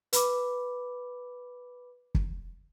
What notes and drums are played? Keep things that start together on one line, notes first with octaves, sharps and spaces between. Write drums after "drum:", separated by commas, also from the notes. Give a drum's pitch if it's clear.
B4 B5 D6, drum: hi-hat
drum: kick